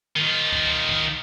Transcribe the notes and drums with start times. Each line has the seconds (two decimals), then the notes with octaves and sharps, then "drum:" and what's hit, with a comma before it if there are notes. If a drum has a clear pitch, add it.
0.16 D#3 F4
0.53 drum: kick C2
0.89 drum: kick C2